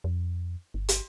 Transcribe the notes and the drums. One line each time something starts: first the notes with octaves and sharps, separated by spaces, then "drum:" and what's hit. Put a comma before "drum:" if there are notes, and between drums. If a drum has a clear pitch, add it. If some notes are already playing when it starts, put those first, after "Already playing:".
F2
G1
drum: hi-hat